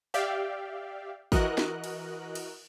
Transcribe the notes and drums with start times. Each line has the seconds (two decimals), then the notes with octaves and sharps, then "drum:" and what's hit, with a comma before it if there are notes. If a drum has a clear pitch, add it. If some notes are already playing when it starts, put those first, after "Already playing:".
0.14 G4 D5 E5 F5 G5
1.32 E3 F#4 A#4 D#5 F#6, drum: kick
1.58 drum: snare
1.84 drum: cymbal
2.35 drum: cymbal